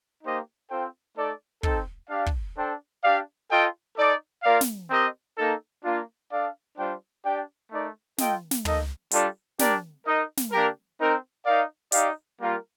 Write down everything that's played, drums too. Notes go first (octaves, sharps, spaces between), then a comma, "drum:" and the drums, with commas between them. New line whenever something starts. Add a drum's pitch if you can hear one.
A#3 D#4 G4 C5 D#5
C4 F4 A4 C5 G5
A3 D#4 A4 D5
C4 D#4 A4, drum: kick
D4 G4 D5 F5
drum: kick
D4 A4 C5 G5
D4 G4 D5 F5
F4 A4 D#5 G5
D#4 A4 D5
A#3 F4 A#4 D5 F5
drum: snare
C4 G4 A#4 D#5
A#3 D#4 A4
A#3 D4 F4
D4 A4 D5 F5
G3 D4 F4 C5 G5
D4 G4 D5 G5
A3 D#4 A#4 D5
F4 A4 D#5 G5, drum: snare
drum: snare
A#3 D#4 A4 D#5, drum: tom
G3 D4 F4 A4 D5, drum: hi-hat
D4 G4 A#4 D5, drum: snare
D#4 A#4 D#5
drum: snare
A#3 D4 G4 A#4
C4 D#4 A#4
D#4 A#4 D5 F5
D#4 G4 D5 F5, drum: hi-hat
G3 A#3 F4 A#4